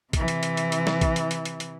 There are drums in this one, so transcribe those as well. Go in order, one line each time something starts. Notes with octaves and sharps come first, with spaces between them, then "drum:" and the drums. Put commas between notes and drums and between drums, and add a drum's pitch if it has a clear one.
C3 E3, drum: kick A#1, hi-hat
drum: hi-hat
drum: hi-hat
drum: hi-hat
drum: hi-hat
drum: snare
drum: kick A#1, hi-hat
drum: hi-hat
drum: hi-hat
drum: hi-hat
drum: hi-hat